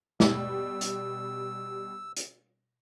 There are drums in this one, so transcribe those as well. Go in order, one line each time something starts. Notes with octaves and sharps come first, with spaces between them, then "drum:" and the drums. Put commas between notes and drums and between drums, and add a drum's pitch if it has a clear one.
B2 G3 E6, drum: snare
drum: hi-hat
drum: hi-hat